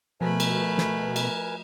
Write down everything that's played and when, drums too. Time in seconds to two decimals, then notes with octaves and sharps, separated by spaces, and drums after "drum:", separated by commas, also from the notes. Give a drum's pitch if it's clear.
0.21 B2 F3 A3 A#4 B4 G#5 B5
0.40 drum: cymbal
0.78 drum: snare
1.16 drum: cymbal